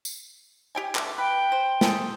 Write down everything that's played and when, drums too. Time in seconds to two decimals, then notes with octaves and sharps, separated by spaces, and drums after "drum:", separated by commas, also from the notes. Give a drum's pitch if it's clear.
0.05 drum: tambourine
0.75 G4 G5 G#5
0.95 B2 D3 A3 D6, drum: clap
1.18 B4 G5
1.52 C5
1.81 G#4 A4 C5, drum: snare